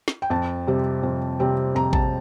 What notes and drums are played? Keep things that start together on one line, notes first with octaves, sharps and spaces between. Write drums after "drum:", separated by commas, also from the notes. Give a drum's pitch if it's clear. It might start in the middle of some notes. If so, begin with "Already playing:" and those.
drum: snare
G5
F2 A5
C3 G3 C4
F2
C3 G3 C4
F2 A#5
A5, drum: kick A1